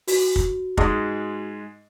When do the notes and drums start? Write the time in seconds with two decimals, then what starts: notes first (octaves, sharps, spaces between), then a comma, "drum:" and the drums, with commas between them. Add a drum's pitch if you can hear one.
0.08 F#4, drum: open hi-hat
0.36 drum: kick
0.77 G#2 G#3 D#5, drum: kick